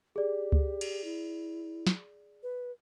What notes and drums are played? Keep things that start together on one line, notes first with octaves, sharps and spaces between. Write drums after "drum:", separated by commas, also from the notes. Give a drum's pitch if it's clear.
G4 G#4 D5
drum: kick C#2
drum: cymbal
E4
drum: snare
B4